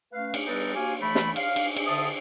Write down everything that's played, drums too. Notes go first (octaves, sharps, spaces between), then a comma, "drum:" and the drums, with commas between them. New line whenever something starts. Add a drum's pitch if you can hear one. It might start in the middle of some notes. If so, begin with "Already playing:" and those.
A3 C#4 B4 F5
drum: cymbal
G3 B3 D4 D#4 A4 B4
A#3 F#4 G4 F5 G#5
E3 A3 B5
drum: snare
F5, drum: cymbal
drum: cymbal
drum: cymbal
D3 C5 E5 A5 D#6